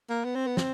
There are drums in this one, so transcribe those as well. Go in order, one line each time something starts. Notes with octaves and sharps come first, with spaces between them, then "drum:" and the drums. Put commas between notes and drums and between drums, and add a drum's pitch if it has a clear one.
A#3
B3
C4
B3
C4, drum: snare